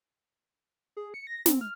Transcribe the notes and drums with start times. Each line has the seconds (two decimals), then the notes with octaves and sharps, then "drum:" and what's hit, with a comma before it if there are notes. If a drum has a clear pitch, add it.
0.97 G#4
1.14 C#7
1.27 A#6
1.46 C4, drum: snare
1.61 F6